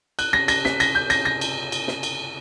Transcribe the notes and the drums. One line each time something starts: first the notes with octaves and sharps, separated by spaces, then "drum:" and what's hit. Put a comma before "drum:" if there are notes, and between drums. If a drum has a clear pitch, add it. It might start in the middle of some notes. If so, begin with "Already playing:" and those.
F#6, drum: cymbal
A#6
A#6, drum: cymbal
B6, drum: snare
A#6, drum: cymbal
G6
A#6, drum: cymbal
A#6
drum: cymbal
drum: cymbal
drum: snare
drum: cymbal